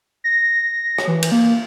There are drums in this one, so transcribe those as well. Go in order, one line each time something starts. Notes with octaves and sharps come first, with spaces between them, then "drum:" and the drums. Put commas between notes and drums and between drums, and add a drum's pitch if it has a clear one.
A#6
drum: rim click
E3
drum: cymbal
A#3